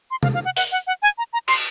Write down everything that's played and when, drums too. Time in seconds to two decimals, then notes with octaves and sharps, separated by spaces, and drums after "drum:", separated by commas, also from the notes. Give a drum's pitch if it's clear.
0.11 C6
0.23 F5, drum: tom
0.34 F5
0.45 F#5
0.56 F#5, drum: open hi-hat
0.72 F#5
0.87 F#5
1.02 G#5
1.18 A#5
1.33 A#5
1.48 C6, drum: cymbal